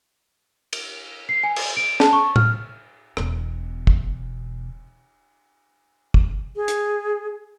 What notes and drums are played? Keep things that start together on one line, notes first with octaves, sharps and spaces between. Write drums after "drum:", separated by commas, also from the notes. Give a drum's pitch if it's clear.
drum: cymbal
C7
G#5
drum: cymbal
D7
A5, drum: snare
C#6
F6, drum: tom
E1 B2, drum: rim click
drum: kick
drum: kick
G#4
drum: hi-hat